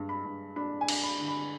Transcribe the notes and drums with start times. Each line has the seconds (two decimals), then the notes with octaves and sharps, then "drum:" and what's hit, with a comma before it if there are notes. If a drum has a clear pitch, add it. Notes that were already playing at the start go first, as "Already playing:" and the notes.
Already playing: G2 G#3
0.09 B5
0.25 G2
0.56 D4 B5
0.81 G#5
0.88 D4, drum: cymbal
1.03 B5
1.20 D3
1.28 B5